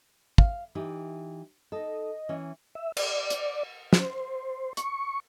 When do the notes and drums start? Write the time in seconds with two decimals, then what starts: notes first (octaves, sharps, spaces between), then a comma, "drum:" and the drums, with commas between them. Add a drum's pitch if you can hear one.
0.38 F5, drum: kick
0.75 E3 D#4 G4
1.72 D#4 A4 D#5
2.29 E3 C#4
2.75 E5
2.97 D5, drum: cymbal
3.30 drum: hi-hat
3.93 C5, drum: snare
4.77 C#6, drum: hi-hat